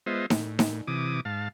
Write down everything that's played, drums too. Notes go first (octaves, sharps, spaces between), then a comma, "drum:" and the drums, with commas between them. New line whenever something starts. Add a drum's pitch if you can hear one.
G#3 B3 F4 C5 D#5 E5
A2, drum: snare D#4
drum: snare D#4
C3 E3 D6 D#6
G#2 F5 A5